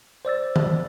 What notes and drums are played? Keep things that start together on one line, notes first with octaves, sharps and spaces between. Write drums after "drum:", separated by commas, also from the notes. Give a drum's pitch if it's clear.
C5 D5 E6 A6
drum: tom D#3